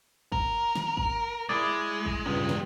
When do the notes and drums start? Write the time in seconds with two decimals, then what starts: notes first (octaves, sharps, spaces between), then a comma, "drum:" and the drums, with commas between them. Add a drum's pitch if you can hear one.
0.32 A#4, drum: kick
0.76 drum: snare
0.97 drum: kick
1.49 G#3 E4 G#4 D5
2.06 drum: kick
2.26 C#2 G2 G3 G#3
2.49 drum: snare